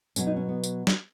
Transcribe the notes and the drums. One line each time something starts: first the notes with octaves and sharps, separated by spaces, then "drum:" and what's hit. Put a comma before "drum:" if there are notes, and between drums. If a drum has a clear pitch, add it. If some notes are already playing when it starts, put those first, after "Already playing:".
B2 F#3 C#4, drum: tambourine
D#4
C#4
B3
drum: tambourine
drum: snare